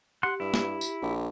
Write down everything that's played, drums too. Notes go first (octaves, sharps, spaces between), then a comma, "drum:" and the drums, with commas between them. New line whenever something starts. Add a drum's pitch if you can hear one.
G4 F#5 C6
G2 E4
drum: snare
drum: tambourine
A#1